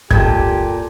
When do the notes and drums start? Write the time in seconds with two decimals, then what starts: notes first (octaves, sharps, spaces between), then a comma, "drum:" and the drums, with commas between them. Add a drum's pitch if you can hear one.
0.11 F#1 C#2 A#2 G4 A4 G#6, drum: kick